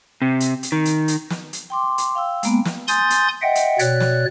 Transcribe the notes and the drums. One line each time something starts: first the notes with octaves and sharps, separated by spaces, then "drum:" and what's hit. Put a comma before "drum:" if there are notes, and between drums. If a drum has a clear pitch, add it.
C3
drum: hi-hat
drum: hi-hat
D#3
drum: hi-hat
drum: hi-hat
drum: snare
drum: hi-hat
G5 C6 D6
drum: hi-hat
F5 G5 E6
G#3 A#3 B3, drum: hi-hat
drum: snare
G#5 C6 D#6 G6 A6, drum: hi-hat
drum: hi-hat
D#5 E5 F#5 G5
drum: hi-hat
B2 C#5 D5 F#6, drum: hi-hat
drum: snare